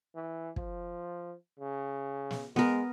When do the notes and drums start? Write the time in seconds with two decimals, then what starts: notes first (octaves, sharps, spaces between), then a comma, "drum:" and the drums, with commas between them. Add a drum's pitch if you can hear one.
0.15 E3
0.56 F3, drum: kick
1.60 C#3
2.31 drum: snare
2.56 G#3 B3 A#4, drum: snare